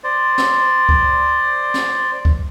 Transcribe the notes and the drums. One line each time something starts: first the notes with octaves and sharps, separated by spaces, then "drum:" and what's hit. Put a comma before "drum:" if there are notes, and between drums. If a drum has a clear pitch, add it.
C5 D5
drum: snare
drum: kick C#2
drum: snare
drum: kick C#2